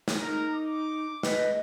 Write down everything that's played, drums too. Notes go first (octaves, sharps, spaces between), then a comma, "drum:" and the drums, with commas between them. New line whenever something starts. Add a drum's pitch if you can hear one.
drum: snare
D#4 A#4
D6
B4 D#5, drum: snare